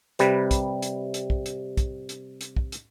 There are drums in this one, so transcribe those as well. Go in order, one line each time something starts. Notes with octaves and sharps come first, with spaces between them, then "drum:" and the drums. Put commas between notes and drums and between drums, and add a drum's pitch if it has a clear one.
C3 G3 B4, drum: hi-hat
drum: kick, hi-hat
drum: hi-hat
drum: hi-hat
drum: kick
drum: hi-hat
drum: kick, hi-hat
drum: hi-hat
drum: hi-hat
drum: kick
drum: hi-hat